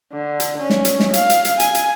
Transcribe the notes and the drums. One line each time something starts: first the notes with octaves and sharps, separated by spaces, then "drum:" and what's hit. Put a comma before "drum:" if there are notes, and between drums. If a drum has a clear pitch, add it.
D3
drum: hi-hat
C#4
drum: snare
drum: hi-hat
drum: snare
F5, drum: hi-hat
drum: hi-hat
drum: hi-hat
G#5, drum: hi-hat
drum: hi-hat